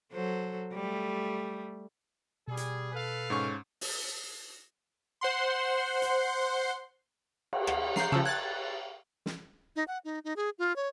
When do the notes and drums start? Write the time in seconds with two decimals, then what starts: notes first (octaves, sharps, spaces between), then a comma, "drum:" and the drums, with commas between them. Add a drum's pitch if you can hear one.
0.12 F#3 A4 C5
0.73 G3 A3
2.48 B2 G3 G#4
2.57 drum: hi-hat
2.93 A4 B4 F5
3.30 G#2 C#4 C#6
3.81 drum: open hi-hat
5.21 C5 F#5 C6
6.02 drum: hi-hat
7.53 drum: cymbal
7.67 F5 F#5, drum: rim click
7.96 A#5 G6 C7, drum: snare
8.12 C#3 F3 A5 E6
8.26 F#6 G#6 A6
9.26 drum: snare
9.76 D#4
9.88 F#5
10.05 D#4
10.24 D#4
10.36 G#4
10.58 F4
10.76 C#5